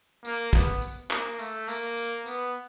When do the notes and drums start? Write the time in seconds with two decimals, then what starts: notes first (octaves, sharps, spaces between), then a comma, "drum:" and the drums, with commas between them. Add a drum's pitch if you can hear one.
0.25 A#3, drum: tambourine
0.53 B3, drum: kick, tambourine
0.82 drum: tambourine
1.11 A#3, drum: clap
1.39 A3, drum: tambourine
1.68 A#3, drum: tambourine
1.97 drum: tambourine
2.26 B3, drum: tambourine